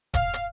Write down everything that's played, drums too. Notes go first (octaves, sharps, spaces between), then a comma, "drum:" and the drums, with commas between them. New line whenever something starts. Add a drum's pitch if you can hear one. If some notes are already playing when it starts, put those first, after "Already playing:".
F5, drum: kick E1, hi-hat
drum: hi-hat